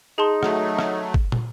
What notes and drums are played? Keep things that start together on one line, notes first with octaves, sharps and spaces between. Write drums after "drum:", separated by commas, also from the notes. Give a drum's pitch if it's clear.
D#4 G#4 A5 C6
F#3 A3, drum: rim click
drum: rim click
drum: kick G1
drum: tom